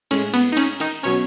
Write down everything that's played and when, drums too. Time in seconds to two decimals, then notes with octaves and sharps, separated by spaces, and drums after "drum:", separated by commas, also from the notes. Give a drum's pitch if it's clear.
0.11 A2 G#3 C#4, drum: cymbal
0.34 B3, drum: cymbal
0.52 D#4
0.57 C#4, drum: cymbal
0.80 D#3 D#4, drum: cymbal
1.03 B2 F#3 C#4 C#5